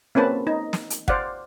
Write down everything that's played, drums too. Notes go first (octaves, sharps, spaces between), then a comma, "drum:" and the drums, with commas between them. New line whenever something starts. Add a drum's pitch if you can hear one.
A#3 C4 C#4 B4 A5
D#4
drum: snare
drum: hi-hat
C5 D5 F5 F#5, drum: kick